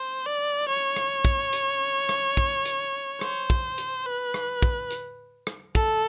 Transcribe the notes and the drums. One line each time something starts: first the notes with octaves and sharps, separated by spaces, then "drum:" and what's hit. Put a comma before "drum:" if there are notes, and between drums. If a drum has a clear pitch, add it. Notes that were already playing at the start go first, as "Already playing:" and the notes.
Already playing: C5
D5
C#5
drum: rim click
drum: kick
drum: hi-hat
drum: rim click
drum: kick
drum: hi-hat
C5, drum: rim click
drum: kick
drum: hi-hat
B4
drum: rim click
drum: kick
drum: hi-hat
drum: rim click
A4, drum: kick